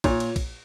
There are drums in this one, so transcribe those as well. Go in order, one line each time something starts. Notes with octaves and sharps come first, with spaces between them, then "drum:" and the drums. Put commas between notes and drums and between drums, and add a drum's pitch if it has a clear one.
A#2 C#5, drum: kick, cymbal
drum: cymbal
drum: kick, cymbal